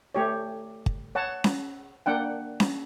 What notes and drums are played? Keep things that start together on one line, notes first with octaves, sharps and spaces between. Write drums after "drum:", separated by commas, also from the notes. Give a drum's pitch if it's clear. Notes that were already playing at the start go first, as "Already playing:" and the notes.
A3 G4 C#5
drum: kick
C#5 F#5 A5
drum: snare C#4
A#3 D4 F#5 G5
drum: snare C#4